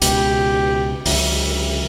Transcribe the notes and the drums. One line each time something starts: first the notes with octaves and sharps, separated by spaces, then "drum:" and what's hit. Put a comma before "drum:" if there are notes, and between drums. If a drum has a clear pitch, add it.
C#2 B2 G4, drum: hi-hat
C#2 D3 F#3 E5, drum: open hi-hat